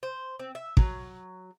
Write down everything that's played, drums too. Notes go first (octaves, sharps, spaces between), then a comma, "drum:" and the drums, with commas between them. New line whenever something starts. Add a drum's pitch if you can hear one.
C5
C4
E5
F#3, drum: kick